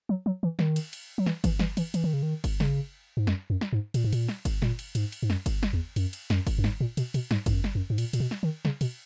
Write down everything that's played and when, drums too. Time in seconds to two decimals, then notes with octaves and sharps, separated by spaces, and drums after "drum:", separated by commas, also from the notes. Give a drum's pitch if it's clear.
0.09 F#3
0.26 F#3
0.43 E3
0.59 D#3, drum: snare
0.76 drum: cymbal
0.93 drum: cymbal
1.18 F#3
1.26 E3, drum: snare
1.44 E3, drum: kick G1, cymbal
1.59 E3, drum: snare
1.77 E3, drum: cymbal
1.94 E3, drum: cymbal
2.04 D#3
2.13 C#3
2.23 D#3
2.44 drum: kick G1, cymbal
2.60 C#3, drum: snare
3.17 G#2
3.27 F#2, drum: snare
3.50 F#2
3.61 drum: snare
3.73 G#2
3.94 A#2, drum: cymbal
4.04 G#2
4.13 A#2, drum: cymbal
4.28 drum: snare
4.45 drum: kick G1, cymbal
4.62 A#2, drum: snare
4.79 drum: cymbal
4.95 G#2, drum: cymbal
5.12 drum: cymbal
5.23 G#2
5.30 F#2, drum: snare
5.46 drum: kick G1, cymbal
5.63 drum: snare
5.73 E2
5.96 F#2, drum: cymbal
6.13 drum: cymbal
6.30 F#2, drum: snare
6.47 drum: kick G1, cymbal
6.58 F#2
6.64 G#2, drum: snare
6.80 A#2
6.97 B2, drum: cymbal
7.14 B2, drum: cymbal
7.31 G#2, drum: snare
7.46 G#2, drum: kick G1, cymbal
7.53 F#2
7.64 drum: snare
7.75 F#2
7.90 G#2
7.98 A#2, drum: cymbal
8.13 A#2, drum: cymbal
8.20 B2
8.31 drum: snare
8.43 D#3
8.65 C#3, drum: snare
8.81 B2, drum: cymbal